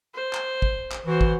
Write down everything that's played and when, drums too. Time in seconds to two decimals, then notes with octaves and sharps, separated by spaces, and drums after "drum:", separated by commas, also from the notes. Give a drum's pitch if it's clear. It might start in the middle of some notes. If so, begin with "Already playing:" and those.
0.14 C5
0.33 drum: clap
0.62 drum: kick
0.91 drum: clap
1.06 E3 F#4 C5
1.21 drum: kick